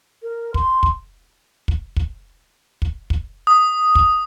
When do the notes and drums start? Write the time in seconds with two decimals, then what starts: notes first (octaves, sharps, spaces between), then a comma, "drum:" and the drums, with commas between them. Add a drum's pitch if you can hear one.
0.23 A#4
0.54 C6, drum: kick
0.83 drum: kick
1.68 drum: kick
1.96 drum: kick
2.82 drum: kick
3.10 drum: kick
3.47 D#6
3.95 drum: kick